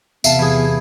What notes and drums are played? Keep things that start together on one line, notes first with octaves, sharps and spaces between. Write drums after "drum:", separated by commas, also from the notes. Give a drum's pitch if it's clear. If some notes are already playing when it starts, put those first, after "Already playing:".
E2 C3 B3 E5 F5 A5, drum: tambourine
E3 G#4